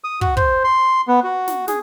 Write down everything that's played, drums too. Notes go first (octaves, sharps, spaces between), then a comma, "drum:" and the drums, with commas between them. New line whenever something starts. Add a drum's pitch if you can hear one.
D#6
F#4, drum: kick
C5, drum: kick
C6
B3
F#4
drum: snare
G#4, drum: snare